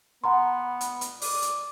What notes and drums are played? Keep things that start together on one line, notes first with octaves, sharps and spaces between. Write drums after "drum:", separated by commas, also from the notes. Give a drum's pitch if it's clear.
B3 F#5 A#5 C6
drum: hi-hat
drum: hi-hat
D5, drum: open hi-hat
drum: hi-hat